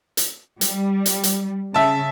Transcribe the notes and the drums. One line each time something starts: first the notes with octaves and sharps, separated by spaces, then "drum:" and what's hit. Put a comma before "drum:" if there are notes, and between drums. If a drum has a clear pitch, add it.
drum: hi-hat
G3, drum: hi-hat
drum: hi-hat
drum: hi-hat
C#3 E5 A5